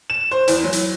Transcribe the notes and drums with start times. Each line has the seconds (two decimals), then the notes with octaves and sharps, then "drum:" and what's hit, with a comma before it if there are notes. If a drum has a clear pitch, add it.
0.10 E7
0.31 C5
0.48 E2, drum: hi-hat
0.64 F#3
0.73 drum: hi-hat